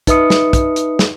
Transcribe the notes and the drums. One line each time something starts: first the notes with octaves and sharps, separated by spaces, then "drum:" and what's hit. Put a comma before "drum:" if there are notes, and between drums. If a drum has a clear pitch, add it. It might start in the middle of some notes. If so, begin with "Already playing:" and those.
D#4 B4 E5 D#6 C#7, drum: kick, hi-hat
drum: snare
drum: kick, hi-hat
drum: hi-hat
drum: snare